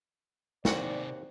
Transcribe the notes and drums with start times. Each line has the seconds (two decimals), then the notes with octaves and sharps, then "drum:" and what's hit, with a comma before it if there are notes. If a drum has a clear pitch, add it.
0.65 D#2 C3 C4 D#4 F#4 G#4 D5 F#5, drum: snare